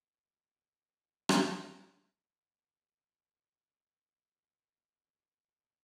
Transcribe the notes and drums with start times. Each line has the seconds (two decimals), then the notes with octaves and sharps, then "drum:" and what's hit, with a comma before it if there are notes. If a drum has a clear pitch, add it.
0.54 F#4
1.29 drum: rim click
2.76 F#4
4.23 F#4
4.61 G4